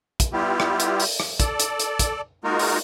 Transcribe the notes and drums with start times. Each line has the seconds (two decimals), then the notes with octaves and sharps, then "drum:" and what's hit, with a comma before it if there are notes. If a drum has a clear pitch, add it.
0.20 drum: kick, hi-hat
0.33 G3 B3 E4 F4 G4
0.60 drum: rim click
0.80 drum: hi-hat
1.00 drum: open hi-hat
1.20 drum: rim click
1.40 A4 D5, drum: kick, hi-hat
1.60 drum: hi-hat
1.79 drum: hi-hat
1.99 drum: kick, hi-hat
2.44 G#3 A#3 D#4 F4 F#4 A#4
2.59 drum: open hi-hat